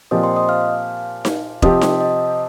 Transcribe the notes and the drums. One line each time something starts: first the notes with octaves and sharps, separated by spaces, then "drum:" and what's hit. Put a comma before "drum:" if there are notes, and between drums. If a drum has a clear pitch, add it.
A#2 F3 C4 G4 D#5 D#6
C5 C6
D#5 D#6
F5 F6
drum: snare D#4
C3 F3 C4 G4 D#5 D#6, drum: kick E1
drum: snare D#4
D#5 D#6